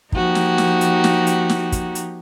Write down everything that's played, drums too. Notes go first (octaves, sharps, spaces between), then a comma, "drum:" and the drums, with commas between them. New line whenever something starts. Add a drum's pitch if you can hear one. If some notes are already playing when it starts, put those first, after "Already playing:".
F3 A#3 D#4 F#4 G4, drum: kick
drum: snare
drum: snare
drum: hi-hat
drum: snare
drum: hi-hat
drum: snare
drum: kick, hi-hat
drum: hi-hat